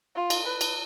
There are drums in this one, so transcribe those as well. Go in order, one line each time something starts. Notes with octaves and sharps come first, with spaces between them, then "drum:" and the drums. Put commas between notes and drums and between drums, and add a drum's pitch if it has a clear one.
F4
drum: cymbal
B4
drum: cymbal